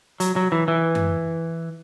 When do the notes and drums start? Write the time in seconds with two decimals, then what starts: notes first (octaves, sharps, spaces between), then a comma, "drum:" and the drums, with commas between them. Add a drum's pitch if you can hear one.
0.20 F#3, drum: hi-hat
0.36 F#3
0.52 E3
0.68 E3
0.95 drum: tom F#2